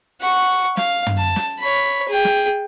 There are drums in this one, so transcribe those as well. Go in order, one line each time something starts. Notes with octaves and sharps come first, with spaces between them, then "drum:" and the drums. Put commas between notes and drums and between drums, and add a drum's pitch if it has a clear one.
F#5 C#6
F5, drum: snare
drum: tom
A5
drum: snare
C#5 B5
G#4 G5
drum: snare